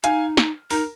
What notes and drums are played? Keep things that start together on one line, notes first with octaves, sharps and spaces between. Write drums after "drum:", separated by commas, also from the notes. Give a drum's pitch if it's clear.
D#4 F5 G#5, drum: hi-hat
drum: snare
D#4 A#4, drum: open hi-hat